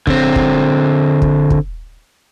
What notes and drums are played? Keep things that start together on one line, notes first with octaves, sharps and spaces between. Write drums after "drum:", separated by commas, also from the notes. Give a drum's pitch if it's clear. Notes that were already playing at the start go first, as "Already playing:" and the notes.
D3 C4, drum: kick
drum: kick
drum: kick
drum: kick